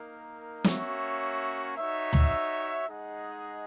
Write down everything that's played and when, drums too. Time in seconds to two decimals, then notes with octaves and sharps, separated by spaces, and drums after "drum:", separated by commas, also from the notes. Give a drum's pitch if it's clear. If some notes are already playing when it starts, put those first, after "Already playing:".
Already playing: A#3 D#4 A#4
0.64 A#3 C#4 F#4 C#5 E5, drum: snare
1.76 D#4 F#4 C#5 E5
2.13 drum: tom
2.87 G#3 D#4 G#4 D#5 F#5